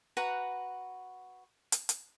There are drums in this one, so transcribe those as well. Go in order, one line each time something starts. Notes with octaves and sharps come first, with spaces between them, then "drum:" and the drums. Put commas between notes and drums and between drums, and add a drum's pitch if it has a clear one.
F#4 B4 F#5 A#5
drum: hi-hat
drum: hi-hat